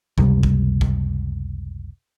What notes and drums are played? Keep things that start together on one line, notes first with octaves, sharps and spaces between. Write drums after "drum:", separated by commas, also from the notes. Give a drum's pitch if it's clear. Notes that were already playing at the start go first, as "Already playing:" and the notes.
F#1 C#2 C3 G3, drum: kick
drum: kick
drum: kick